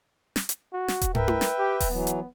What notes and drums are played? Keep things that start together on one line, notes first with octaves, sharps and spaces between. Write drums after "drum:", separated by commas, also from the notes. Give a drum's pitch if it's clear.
drum: snare
drum: hi-hat
F#4
drum: snare
drum: kick D#1, hi-hat
A#4 B4 E5 G5, drum: tom
drum: tom
drum: snare
G4
drum: kick D#1, open hi-hat
E3 F#3 B3
drum: hi-hat